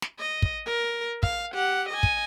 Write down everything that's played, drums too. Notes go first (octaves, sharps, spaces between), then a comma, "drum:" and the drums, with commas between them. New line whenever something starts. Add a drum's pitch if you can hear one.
drum: snare
D#5
drum: kick
A#4
F5, drum: kick
G4 F#5
D#5 G#5
drum: kick